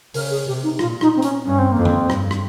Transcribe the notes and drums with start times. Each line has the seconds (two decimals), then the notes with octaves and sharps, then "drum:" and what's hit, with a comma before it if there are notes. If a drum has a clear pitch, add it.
0.14 C#3 A#4, drum: open hi-hat
0.31 G#4
0.47 C3 G4
0.63 D#4
0.79 A#2 F4, drum: rim click
1.01 D#4, drum: rim click
1.16 C4
1.22 C#4, drum: hi-hat
1.44 G2 C#4
1.58 C4
1.72 F2 A#3
1.85 C4, drum: tom F2
2.10 G2, drum: rim click
2.31 drum: rim click